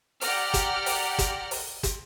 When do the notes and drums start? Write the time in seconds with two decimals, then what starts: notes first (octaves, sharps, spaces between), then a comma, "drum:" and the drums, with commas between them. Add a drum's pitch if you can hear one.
0.21 G4 D5 F#5 A#5 F6, drum: open hi-hat
0.54 drum: kick, hi-hat
0.86 drum: open hi-hat
1.19 drum: kick, hi-hat
1.51 drum: open hi-hat
1.83 drum: kick, hi-hat